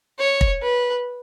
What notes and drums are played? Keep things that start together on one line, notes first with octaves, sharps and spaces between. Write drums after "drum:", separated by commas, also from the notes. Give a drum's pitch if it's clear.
C#5
drum: kick
B4